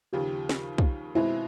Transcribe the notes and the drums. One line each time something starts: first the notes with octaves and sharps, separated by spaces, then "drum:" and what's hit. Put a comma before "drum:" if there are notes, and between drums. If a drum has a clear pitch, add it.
D#2 C#3 F3 G4
drum: snare
drum: kick
B2 G#3 C4 E4